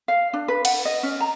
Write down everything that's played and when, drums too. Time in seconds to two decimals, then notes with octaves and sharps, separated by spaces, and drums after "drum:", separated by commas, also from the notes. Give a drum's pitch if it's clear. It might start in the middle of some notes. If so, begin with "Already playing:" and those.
0.08 F5
0.33 D4
0.48 B4
0.65 F#5, drum: cymbal
0.85 D#5
1.03 C#4
1.20 A#5